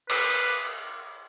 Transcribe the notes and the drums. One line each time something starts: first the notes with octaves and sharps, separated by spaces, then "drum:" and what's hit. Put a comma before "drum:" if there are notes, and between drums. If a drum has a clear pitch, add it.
B4, drum: cymbal